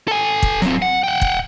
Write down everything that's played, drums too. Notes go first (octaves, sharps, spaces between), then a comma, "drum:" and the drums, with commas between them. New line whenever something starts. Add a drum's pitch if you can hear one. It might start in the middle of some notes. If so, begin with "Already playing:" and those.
A4 G#5
drum: kick
F#3 C4, drum: snare
F#5
F#5 G5
drum: kick